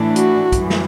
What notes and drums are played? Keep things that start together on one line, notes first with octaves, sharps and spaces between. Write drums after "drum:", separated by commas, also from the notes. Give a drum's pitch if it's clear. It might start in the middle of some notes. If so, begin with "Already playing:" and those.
Already playing: A2 E3 A3 D4
F#4, drum: hi-hat
F#2 E3 G3, drum: kick, hi-hat
drum: snare